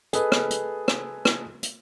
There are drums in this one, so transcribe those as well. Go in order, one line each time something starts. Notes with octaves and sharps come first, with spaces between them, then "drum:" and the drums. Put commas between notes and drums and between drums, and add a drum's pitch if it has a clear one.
G#4 A4 B4 D#5, drum: hi-hat
drum: rim click
drum: hi-hat
drum: rim click
drum: rim click
drum: hi-hat